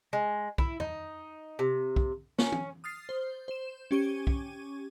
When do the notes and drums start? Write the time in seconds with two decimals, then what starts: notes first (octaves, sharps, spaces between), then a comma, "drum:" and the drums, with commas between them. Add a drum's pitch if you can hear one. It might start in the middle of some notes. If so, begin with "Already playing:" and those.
0.13 G#3
0.58 E4, drum: kick
0.80 D#4, drum: tom
1.59 C3
1.96 drum: kick
2.39 C#4, drum: snare
2.52 drum: tom
2.84 D#6 F6 A6 C7
3.09 C5
3.48 C5 E7
3.91 C#4 G4 C#6 G#6 D#7
4.27 drum: kick